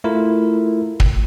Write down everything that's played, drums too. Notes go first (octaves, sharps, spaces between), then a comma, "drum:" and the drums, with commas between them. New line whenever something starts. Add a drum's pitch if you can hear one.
A3 E4 F4 A#4
drum: kick